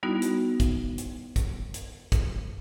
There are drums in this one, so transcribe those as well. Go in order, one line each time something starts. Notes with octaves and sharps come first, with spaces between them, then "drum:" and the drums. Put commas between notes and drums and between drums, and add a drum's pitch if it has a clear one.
G3 B3 D#4 E4 F#4
drum: hi-hat
drum: kick, hi-hat
drum: hi-hat
drum: kick, hi-hat
drum: hi-hat
drum: kick, hi-hat